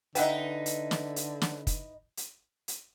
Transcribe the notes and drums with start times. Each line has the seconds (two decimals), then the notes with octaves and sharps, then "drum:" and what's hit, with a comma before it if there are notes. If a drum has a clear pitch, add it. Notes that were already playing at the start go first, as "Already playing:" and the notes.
0.15 D3 D#4 E4 B4 D#5 F#5 G5, drum: hi-hat
0.66 drum: hi-hat
0.91 drum: snare
1.16 drum: hi-hat
1.42 drum: snare
1.67 drum: kick, hi-hat
2.17 drum: hi-hat
2.68 drum: hi-hat